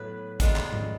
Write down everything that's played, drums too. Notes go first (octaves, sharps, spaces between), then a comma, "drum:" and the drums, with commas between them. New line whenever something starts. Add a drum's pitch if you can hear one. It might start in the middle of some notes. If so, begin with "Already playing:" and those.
Already playing: A2 F#3 B3 B4
D#3 G#3 B3 D4 F4, drum: kick, hi-hat
drum: clap
drum: tom G#2